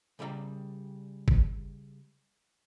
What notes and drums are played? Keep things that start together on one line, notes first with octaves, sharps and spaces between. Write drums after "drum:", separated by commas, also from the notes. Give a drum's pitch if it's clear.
C#3 G3 D5 E5 G5 A#5
drum: kick G1